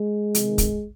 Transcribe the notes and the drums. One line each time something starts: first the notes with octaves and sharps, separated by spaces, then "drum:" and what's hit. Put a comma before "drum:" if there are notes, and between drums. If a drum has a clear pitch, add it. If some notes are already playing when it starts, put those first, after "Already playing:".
Already playing: G#3
C3 D#3, drum: hi-hat
drum: kick, hi-hat